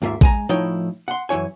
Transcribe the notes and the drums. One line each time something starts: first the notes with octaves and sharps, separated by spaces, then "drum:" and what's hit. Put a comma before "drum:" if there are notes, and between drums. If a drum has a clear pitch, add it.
D#2 G#2 A#3 F4 E5
G#3 G#5 A#5, drum: kick
A2 F3 D#4 E4 C#5 G5
F#5 C6
F#2 E3 E4 C#5 G#5